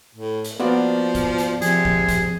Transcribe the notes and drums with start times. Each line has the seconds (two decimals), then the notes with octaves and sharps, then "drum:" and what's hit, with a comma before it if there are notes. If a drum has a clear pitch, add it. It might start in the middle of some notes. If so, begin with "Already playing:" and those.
0.15 A2
0.45 drum: hi-hat
0.60 F3 A#3 B3 D4 F4 F#4 D5
1.15 drum: kick G1, hi-hat
1.38 drum: hi-hat
1.62 C3 F3 G#4, drum: hi-hat
1.85 drum: kick G1
2.09 drum: kick G1, hi-hat